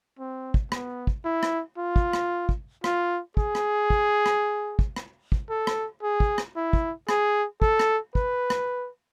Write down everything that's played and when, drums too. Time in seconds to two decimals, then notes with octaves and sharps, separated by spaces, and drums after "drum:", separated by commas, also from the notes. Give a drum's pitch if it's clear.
0.19 C4
0.54 drum: kick
0.72 B3, drum: rim click
1.07 drum: kick
1.25 E4
1.43 drum: rim click
1.78 F4
1.96 drum: kick
2.13 drum: rim click
2.49 drum: kick
2.84 F4, drum: rim click
3.37 G#4, drum: kick
3.55 drum: rim click
3.90 drum: kick
4.26 drum: rim click
4.79 drum: kick
4.96 drum: rim click
5.32 drum: kick
5.50 A4
5.67 drum: rim click
6.03 G#4
6.20 drum: kick
6.38 drum: rim click
6.56 E4
6.73 drum: kick
7.09 G#4, drum: rim click
7.62 A4, drum: kick
7.79 drum: rim click
8.15 B4, drum: kick
8.50 drum: rim click